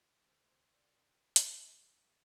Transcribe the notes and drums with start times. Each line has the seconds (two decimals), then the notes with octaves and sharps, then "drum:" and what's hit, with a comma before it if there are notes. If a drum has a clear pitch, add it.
0.24 D2 C5
0.47 C3 C5
0.72 A#3 D5
0.95 C3
1.36 drum: hi-hat